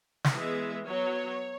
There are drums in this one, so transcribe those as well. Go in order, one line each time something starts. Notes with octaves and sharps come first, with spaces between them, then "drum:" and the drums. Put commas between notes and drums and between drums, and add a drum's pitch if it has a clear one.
drum: snare
E3 G#3 B3 E5
F#3 B3 C#5